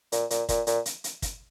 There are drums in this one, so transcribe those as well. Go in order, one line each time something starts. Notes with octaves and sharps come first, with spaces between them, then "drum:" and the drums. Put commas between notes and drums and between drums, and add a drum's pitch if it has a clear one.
A#2, drum: hi-hat
A#2, drum: hi-hat
A#2, drum: kick, hi-hat
A#2, drum: hi-hat
drum: hi-hat
drum: hi-hat
drum: kick, hi-hat